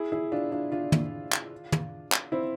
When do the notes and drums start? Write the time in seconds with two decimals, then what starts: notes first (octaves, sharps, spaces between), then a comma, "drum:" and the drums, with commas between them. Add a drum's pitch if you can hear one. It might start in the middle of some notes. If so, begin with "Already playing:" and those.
Already playing: E4 G#4
0.12 E4 G#4
0.32 D4 F4
0.52 D4 F4
0.72 D4 F4
0.92 drum: tom
1.32 drum: clap
1.72 drum: tom
2.12 drum: clap
2.32 C4 E4